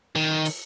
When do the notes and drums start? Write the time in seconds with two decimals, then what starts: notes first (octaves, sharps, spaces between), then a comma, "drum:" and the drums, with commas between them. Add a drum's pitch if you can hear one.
0.16 D#3
0.45 drum: open hi-hat